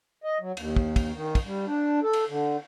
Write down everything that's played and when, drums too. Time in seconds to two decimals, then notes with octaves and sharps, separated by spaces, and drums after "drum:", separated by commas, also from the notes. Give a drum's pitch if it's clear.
0.24 D#5
0.41 F#3
0.57 D#2, drum: cymbal
0.76 drum: kick
0.96 drum: kick, cymbal
1.15 D#3
1.35 drum: kick, cymbal
1.45 G3
1.67 D4
2.03 A4
2.13 drum: cymbal
2.29 D3